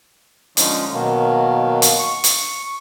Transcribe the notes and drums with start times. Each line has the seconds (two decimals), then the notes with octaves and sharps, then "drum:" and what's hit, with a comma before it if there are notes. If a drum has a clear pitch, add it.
0.57 D3 F3 G#3 C#4 D#4, drum: hi-hat
0.93 B2 D#3 F#3 A#3
1.82 drum: hi-hat
1.99 C#6
2.24 drum: hi-hat